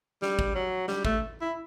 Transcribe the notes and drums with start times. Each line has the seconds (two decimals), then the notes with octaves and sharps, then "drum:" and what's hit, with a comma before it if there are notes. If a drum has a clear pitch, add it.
0.22 G3, drum: snare
0.39 drum: kick G#1
0.55 F#3
0.88 G3, drum: snare
1.05 A3, drum: kick G#1
1.41 E4